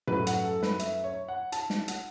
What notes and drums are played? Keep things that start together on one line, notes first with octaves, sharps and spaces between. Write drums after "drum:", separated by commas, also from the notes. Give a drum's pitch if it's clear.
F#2 F#3 A3 B4, drum: tom A2
F#5, drum: hi-hat
A4
B4, drum: snare
E5, drum: hi-hat
C#5
F#5
A5, drum: hi-hat
drum: snare
F#5, drum: hi-hat